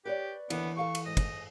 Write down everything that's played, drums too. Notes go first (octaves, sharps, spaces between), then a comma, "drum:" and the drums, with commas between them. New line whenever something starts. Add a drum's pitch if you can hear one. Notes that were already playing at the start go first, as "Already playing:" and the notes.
G4 B4 C#5 D5
D#2 D3 E3 B3, drum: cymbal
A4 F5 G5 C#6
drum: cymbal
G#2 D#5
drum: kick, cymbal